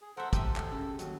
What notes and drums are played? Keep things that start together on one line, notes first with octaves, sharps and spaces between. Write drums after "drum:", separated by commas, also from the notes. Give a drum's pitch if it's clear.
G#4
A4 A#4 C5 E5 F#5
G4 A4 D#5 E5, drum: kick, hi-hat
drum: clap
C#3
D#2 F#3, drum: hi-hat